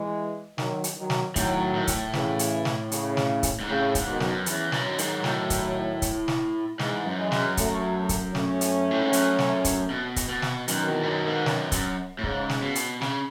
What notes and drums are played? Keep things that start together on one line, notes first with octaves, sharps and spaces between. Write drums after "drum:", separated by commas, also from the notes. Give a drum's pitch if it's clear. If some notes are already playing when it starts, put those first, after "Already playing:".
Already playing: E3 G#3
D#3 F#3, drum: snare
drum: hi-hat
D#3 F#3
drum: snare
A2 D#3 F#3, drum: kick, hi-hat
A2
drum: kick, hi-hat
C#3 E3, drum: snare
drum: hi-hat
drum: snare
C#3, drum: hi-hat
drum: snare
drum: kick, hi-hat
G#2
A2 C#3
G#2, drum: kick, hi-hat
B2 D#3
F#2, drum: snare
E2 C#3 E3, drum: hi-hat
F#2, drum: snare
D#3 F#3
G#2, drum: hi-hat
A2, drum: snare
drum: kick, hi-hat
drum: kick, hi-hat
drum: snare
G#2 E3 G#3, drum: snare
F#2
E3 G#3
F#2, drum: snare
F#3 A3, drum: kick, hi-hat
drum: kick, hi-hat
A3 C#4, drum: snare
drum: hi-hat
A2
G#2
F#2, drum: hi-hat
drum: snare
drum: kick, hi-hat
B2
drum: kick, hi-hat
B2
drum: snare
F#2 B2 D#3, drum: hi-hat
E2
G#2
F#2
G#2
F#2, drum: snare
F#2, drum: kick, hi-hat
A2
G#2 C#3, drum: kick
drum: snare
B2
drum: hi-hat
C#3, drum: snare